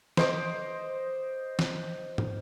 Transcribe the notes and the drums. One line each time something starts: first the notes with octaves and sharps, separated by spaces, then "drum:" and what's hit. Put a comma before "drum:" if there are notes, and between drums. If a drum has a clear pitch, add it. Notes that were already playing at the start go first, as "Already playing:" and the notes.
C5 D#5 D6, drum: snare
drum: snare
drum: tom